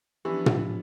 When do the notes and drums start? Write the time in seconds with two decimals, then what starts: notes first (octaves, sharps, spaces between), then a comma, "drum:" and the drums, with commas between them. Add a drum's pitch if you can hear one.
0.25 E3 F3 B3 C#4 D4 G4
0.46 drum: tom